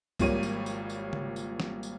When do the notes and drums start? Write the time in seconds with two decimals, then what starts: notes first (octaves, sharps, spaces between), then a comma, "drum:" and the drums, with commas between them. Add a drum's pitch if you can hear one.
0.19 G#1 F3 G3 A#3 C#5 D#7, drum: kick B1, tambourine
0.43 drum: tambourine
0.66 drum: tambourine
0.90 drum: tambourine
1.13 drum: tom C#3
1.36 drum: tambourine
1.60 drum: snare
1.83 drum: tambourine